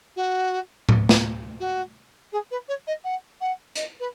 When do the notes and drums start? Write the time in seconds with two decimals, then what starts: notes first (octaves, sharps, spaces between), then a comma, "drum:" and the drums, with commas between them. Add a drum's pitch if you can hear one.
0.16 F#4
0.89 drum: tom A2
1.09 drum: snare
1.60 F#4
2.32 G#4
2.51 B4
2.68 C#5
2.87 D#5
3.04 F#5
3.40 F#5
3.75 D#5, drum: hi-hat
4.00 B4